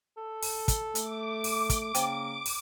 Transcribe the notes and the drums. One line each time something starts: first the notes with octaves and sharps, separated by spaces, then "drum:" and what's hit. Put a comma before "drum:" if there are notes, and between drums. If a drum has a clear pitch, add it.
A4
drum: open hi-hat
drum: kick, hi-hat
A3 D6, drum: hi-hat
drum: open hi-hat
drum: kick, hi-hat
C#3 A#3 C5 G5, drum: hi-hat
drum: open hi-hat